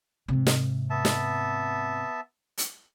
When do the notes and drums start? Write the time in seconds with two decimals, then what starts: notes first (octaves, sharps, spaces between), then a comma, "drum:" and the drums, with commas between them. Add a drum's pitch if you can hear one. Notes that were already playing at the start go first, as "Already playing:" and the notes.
0.28 G#2 C3
0.47 drum: snare
0.90 B3 E5 A5
1.05 drum: snare
2.58 drum: hi-hat